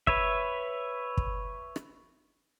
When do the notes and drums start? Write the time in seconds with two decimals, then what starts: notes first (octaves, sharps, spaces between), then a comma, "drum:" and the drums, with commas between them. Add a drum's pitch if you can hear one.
0.07 B4 C#5 E5, drum: kick
1.17 drum: kick
1.76 drum: rim click